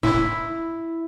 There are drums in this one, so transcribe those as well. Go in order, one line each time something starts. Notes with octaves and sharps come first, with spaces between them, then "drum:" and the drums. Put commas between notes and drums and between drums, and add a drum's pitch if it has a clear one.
E4, drum: snare